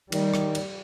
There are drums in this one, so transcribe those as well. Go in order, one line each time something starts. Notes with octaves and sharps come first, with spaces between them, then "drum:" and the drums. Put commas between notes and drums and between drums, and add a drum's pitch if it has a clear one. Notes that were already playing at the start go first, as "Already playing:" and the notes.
D#3 G3, drum: cymbal
drum: rim click
drum: cymbal